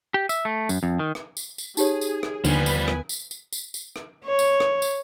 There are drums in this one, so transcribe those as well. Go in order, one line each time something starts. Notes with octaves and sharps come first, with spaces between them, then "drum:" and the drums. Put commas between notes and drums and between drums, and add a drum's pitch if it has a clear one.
G4
E5, drum: tambourine
A3
F#2, drum: tambourine
F2
D#3
drum: rim click
drum: tambourine
drum: tambourine
D#4 G4 G#4 C#5, drum: tambourine
drum: tambourine
drum: rim click
D#2 D3 F3 G3 B3 B4 G#5, drum: tambourine
drum: tambourine
drum: rim click
drum: tambourine
drum: tambourine
drum: tambourine
drum: tambourine
drum: rim click
C#5
drum: tambourine
drum: rim click
drum: tambourine